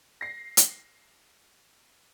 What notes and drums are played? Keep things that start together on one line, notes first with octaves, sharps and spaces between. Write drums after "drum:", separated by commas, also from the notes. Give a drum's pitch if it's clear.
A#6 C7
drum: hi-hat